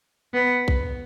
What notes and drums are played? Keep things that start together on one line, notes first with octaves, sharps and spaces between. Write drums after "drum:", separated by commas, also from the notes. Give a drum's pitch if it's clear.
B3
drum: kick B1